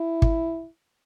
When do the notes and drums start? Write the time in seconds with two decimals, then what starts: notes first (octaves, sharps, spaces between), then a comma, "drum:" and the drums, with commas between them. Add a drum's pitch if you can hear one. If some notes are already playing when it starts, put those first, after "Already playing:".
Already playing: E4
0.22 drum: kick